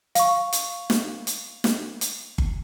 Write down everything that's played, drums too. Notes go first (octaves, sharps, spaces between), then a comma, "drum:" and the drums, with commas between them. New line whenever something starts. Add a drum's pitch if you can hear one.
F5 C#6, drum: hi-hat
drum: hi-hat
drum: snare
drum: hi-hat
drum: snare
drum: hi-hat
drum: kick G1